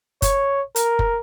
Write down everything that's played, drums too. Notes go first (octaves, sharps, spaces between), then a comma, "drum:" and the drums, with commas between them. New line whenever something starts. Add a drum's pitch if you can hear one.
C#5, drum: kick F#1, hi-hat
A#4, drum: hi-hat
drum: kick F#1